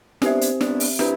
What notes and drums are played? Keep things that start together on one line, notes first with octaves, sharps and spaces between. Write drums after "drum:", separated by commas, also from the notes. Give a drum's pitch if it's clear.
B3 C4 D4 G4 C5 E5, drum: snare
drum: hi-hat
B3 D4, drum: snare
drum: open hi-hat
C4 D4 E4 G4 B4, drum: snare